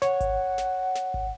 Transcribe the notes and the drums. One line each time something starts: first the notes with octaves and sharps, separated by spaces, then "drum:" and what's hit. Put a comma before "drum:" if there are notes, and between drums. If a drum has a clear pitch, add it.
C#5 F#5, drum: snare
drum: kick G#1, hi-hat
drum: snare
drum: snare
drum: kick G#1